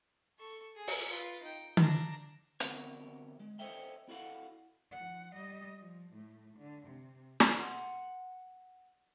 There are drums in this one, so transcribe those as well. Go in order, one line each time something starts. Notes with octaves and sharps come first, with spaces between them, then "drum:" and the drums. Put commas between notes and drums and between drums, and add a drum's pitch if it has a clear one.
A4 C#6
G#4
drum: open hi-hat
F4 B4
D#4 G5
D4 A#5, drum: tom D3
D3 B3 C4 F#4 A#4 C#5, drum: hi-hat
G#3
A4 C5 C#5 D#5 E5 G5
E4 F#4 A4 F5 F#5
F3 F#5
G3 D#5
F3
A2
D3
C3
drum: snare
F#5 C6